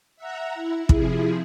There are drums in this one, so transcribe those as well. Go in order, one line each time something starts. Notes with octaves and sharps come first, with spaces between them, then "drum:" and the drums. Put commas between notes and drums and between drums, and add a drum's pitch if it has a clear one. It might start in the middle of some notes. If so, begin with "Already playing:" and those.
E5 F#5 A#5
E4
C3 F3 E4 G#4, drum: kick